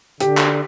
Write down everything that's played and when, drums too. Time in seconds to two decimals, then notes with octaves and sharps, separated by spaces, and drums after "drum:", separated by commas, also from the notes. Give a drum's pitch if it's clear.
0.20 D3 G4, drum: hi-hat
0.37 drum: clap